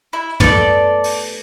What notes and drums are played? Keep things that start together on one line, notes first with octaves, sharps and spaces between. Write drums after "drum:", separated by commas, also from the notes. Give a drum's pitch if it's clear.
E4
A3 B3 A4 D5, drum: tom
drum: open hi-hat